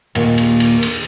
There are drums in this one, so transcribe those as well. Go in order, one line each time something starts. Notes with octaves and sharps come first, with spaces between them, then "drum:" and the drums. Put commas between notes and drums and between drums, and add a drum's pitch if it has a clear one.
D#2 A#2, drum: cymbal
drum: cymbal
drum: cymbal
drum: cymbal